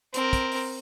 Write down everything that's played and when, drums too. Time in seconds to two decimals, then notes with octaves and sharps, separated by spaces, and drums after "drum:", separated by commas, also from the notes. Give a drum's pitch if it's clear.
0.14 C4 A#4, drum: hi-hat
0.33 drum: kick, hi-hat
0.52 drum: open hi-hat